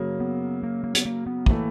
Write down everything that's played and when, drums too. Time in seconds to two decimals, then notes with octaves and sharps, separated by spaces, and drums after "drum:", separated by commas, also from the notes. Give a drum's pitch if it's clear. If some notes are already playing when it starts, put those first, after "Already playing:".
Already playing: F#2 C#3 F#3 A#3
0.20 B3
0.63 A#3
0.84 A#3
0.95 B3, drum: hi-hat
1.05 A#3
1.26 B3
1.46 A2 E3 A3 A#3, drum: kick